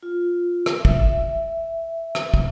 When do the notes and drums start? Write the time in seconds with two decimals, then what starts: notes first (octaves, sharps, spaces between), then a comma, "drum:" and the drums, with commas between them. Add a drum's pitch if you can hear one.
0.03 F4
0.66 drum: rim click
0.85 E5, drum: kick
2.15 drum: rim click
2.34 drum: kick